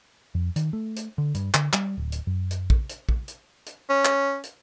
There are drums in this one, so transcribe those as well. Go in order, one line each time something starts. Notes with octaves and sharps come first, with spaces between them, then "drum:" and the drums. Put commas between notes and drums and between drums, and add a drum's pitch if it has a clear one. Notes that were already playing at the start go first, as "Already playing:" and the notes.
F2
D#3, drum: hi-hat
A3
drum: hi-hat
D3
G2, drum: hi-hat
D3, drum: clap
G3, drum: clap
D1
drum: hi-hat
F#2
drum: hi-hat
drum: kick
drum: hi-hat
drum: kick
drum: hi-hat
drum: hi-hat
C#4
drum: clap
drum: hi-hat